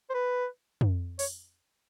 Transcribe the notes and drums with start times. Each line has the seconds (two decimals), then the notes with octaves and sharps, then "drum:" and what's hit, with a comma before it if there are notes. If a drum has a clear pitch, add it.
0.10 C5
0.14 B4
0.81 drum: tom
1.19 C#5, drum: open hi-hat